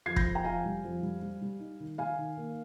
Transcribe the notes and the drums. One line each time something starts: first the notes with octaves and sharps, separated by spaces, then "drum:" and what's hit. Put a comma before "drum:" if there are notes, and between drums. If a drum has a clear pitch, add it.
F2 G#6 C7
G6 A#6, drum: kick
F2
G5 A#5
F2 F5 G#5
G3
F2
G3
G3
G3
D#4
D#3
D#4 F5 G#5
D#3
A#3